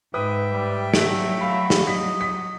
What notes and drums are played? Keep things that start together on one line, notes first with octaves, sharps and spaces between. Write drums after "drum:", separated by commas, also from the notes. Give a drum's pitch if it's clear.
G#2 B4 E5 G5 D#6
G3
F#3 A3 B6 D7, drum: snare
F5 B5
drum: snare
D#5 B6
B6